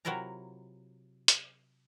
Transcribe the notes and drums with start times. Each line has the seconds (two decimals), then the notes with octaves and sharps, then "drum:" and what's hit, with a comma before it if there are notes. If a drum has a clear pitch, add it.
0.05 C3 F#3 E4 F4 A#4 A#5
1.28 drum: hi-hat